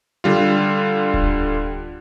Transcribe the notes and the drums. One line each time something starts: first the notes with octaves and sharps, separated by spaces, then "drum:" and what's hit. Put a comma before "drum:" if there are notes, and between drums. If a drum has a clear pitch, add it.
D3 G3 F4
drum: kick D1